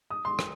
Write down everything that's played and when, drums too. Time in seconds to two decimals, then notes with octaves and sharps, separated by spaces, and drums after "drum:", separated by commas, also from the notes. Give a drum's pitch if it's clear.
0.10 D#6
0.25 C6
0.39 drum: rim click